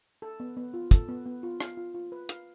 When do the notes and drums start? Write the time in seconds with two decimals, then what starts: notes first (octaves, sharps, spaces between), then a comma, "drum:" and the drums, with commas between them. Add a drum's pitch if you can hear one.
0.22 A4
0.40 B3
0.57 B3
0.74 F4
0.91 A4, drum: kick, hi-hat
1.09 B3
1.26 B3
1.43 F4
1.60 F5, drum: rim click
1.77 F4
1.94 F4
2.12 B4
2.29 F5, drum: hi-hat